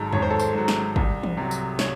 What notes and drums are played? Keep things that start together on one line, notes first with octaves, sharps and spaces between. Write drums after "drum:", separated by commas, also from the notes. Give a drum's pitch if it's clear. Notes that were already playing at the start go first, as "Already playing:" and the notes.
Already playing: G#1 G#2 F#3 A4
G#1 C#5, drum: tom E2
C5
A4
C5, drum: tambourine
G#2 F#3
drum: snare
C2, drum: kick
drum: tom E3
C3 F#3
drum: tambourine
C#5, drum: snare